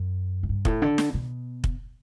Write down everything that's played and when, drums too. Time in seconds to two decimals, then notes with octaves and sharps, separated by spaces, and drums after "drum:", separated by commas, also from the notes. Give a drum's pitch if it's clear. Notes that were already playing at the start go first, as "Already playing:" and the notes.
Already playing: F#2
0.43 A2
0.49 G2
0.65 A2, drum: kick
0.82 D3
0.98 drum: snare
1.14 B2
1.64 drum: kick